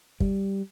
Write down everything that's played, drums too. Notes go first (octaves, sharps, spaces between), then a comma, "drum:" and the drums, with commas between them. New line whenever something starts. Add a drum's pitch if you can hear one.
G3, drum: kick